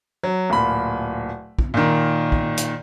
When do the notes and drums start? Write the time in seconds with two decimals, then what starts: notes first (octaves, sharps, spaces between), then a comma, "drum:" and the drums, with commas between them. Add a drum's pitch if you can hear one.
0.23 F#3
0.50 D1 A#2 B5
1.59 drum: kick
1.74 A#2 D#3
2.32 drum: kick
2.57 drum: hi-hat